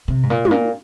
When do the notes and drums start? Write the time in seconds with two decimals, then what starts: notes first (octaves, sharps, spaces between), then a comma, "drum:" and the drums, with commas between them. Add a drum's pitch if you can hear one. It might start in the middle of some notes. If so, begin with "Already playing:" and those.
0.08 C3
0.23 G#2
0.30 A#2
0.45 G#2, drum: tom
0.51 A#2